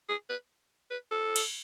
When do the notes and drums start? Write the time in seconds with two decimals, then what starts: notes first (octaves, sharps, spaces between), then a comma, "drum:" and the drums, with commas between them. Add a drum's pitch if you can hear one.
0.09 G#4
0.30 B4
0.91 B4
1.11 A4
1.36 drum: cymbal